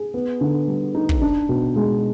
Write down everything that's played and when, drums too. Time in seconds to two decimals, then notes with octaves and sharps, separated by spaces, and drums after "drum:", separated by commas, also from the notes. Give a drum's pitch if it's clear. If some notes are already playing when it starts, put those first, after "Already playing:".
Already playing: G#4
0.14 B3
0.41 D3
0.68 G3
0.95 D#4
1.09 drum: kick
1.22 D4
1.49 B2
1.76 G#3